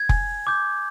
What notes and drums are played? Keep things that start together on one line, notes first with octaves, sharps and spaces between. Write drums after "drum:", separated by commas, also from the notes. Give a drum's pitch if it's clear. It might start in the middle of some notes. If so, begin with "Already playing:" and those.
Already playing: G#6
G#5, drum: kick F1
D6 G6